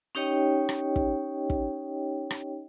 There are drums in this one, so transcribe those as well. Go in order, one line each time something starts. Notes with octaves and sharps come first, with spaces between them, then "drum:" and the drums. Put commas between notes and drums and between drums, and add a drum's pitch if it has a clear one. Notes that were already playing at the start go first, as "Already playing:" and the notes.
C#4 D#4 G4 C#5 D#5 G5
drum: rim click
drum: kick
drum: kick
drum: rim click